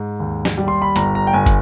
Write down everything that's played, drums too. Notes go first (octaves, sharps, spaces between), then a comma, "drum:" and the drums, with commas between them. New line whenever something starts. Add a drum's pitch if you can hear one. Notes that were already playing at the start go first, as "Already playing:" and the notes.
Already playing: G#2
D#2
drum: snare
G3
C6
B5
G1 A#5, drum: hi-hat
A#5
G5
G1 G#5
drum: kick, hi-hat